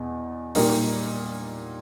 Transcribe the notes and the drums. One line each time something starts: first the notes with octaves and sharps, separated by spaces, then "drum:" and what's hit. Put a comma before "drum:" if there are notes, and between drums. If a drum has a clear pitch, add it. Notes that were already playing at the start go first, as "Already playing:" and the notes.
Already playing: E2 B2
A#2 G3 A#3 D#4, drum: open hi-hat